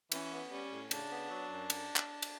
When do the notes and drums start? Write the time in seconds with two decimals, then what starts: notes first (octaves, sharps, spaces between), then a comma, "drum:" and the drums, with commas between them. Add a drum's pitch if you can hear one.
0.12 E3 C#4, drum: cymbal
0.32 B3
0.52 G3 C#4
0.72 A2
0.91 C#3 D4, drum: cymbal
1.10 B3
1.30 F#3
1.50 F#2
1.70 drum: cymbal
1.96 drum: clap
2.22 drum: cymbal